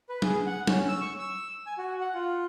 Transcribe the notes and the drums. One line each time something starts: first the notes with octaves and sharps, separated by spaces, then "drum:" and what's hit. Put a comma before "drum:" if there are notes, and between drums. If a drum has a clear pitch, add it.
B4
G#4, drum: tom
F#5
C#4, drum: tom
E6
C#6
E6
G#5
F#4
F#5
F4